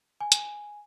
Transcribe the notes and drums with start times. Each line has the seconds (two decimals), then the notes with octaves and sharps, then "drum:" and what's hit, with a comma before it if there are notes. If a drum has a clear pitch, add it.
0.21 G#5
0.32 drum: hi-hat